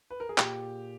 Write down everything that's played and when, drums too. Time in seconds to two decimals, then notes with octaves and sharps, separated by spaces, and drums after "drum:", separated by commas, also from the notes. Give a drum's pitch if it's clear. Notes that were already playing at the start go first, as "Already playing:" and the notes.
0.10 B4
0.20 A#4
0.29 G#4
0.38 A#2 G4, drum: clap